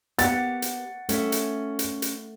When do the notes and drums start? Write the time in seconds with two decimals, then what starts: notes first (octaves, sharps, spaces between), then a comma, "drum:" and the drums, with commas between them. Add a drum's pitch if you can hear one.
0.19 A#3 B3 G4 F#5 A6, drum: hi-hat
0.62 drum: hi-hat
1.09 A3 C#4 E5, drum: hi-hat
1.32 drum: hi-hat
1.79 drum: hi-hat
2.02 drum: hi-hat